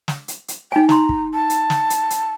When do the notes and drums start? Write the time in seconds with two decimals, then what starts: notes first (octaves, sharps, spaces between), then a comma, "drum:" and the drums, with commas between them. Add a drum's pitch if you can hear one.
0.08 drum: snare
0.28 drum: hi-hat
0.48 drum: hi-hat
0.72 D#4 G5 G#5
0.89 D#4 A#5 C6, drum: snare
1.09 drum: kick
1.34 A5
1.50 drum: hi-hat
1.70 drum: snare
1.90 drum: hi-hat
2.10 drum: hi-hat